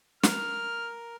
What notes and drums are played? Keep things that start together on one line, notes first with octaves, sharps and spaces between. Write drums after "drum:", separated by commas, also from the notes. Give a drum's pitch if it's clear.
A#4 F6, drum: snare